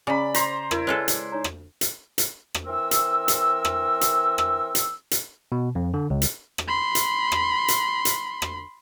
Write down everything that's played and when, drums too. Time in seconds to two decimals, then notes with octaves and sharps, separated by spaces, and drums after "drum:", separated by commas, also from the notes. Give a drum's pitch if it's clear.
0.07 C#3 D5 G#5 A#5 B5
0.34 C5 A#5 C6 B6, drum: hi-hat
0.71 E4 A#4, drum: rim click
0.87 G#3 F4 A4 B4 C#5 F#6
1.08 drum: hi-hat
1.32 D#4 C#5 A#5
1.44 drum: rim click
1.81 drum: hi-hat
2.18 drum: hi-hat
2.54 drum: rim click
2.66 E3 C4 A#4 E6
2.91 drum: hi-hat
3.28 drum: hi-hat
3.65 drum: rim click
4.01 drum: hi-hat
4.38 drum: rim click
4.75 drum: hi-hat
5.11 drum: hi-hat
5.52 B2
5.75 F2
5.94 D3
6.10 C#2
6.22 drum: hi-hat
6.58 drum: rim click
6.67 B5 C6
6.95 drum: hi-hat
7.32 drum: rim click
7.68 drum: hi-hat
8.05 drum: hi-hat
8.42 drum: rim click